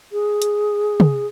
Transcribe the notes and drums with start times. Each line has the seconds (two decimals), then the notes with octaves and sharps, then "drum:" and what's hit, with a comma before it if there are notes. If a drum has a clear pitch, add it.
0.12 G#4
0.42 drum: hi-hat
1.00 drum: tom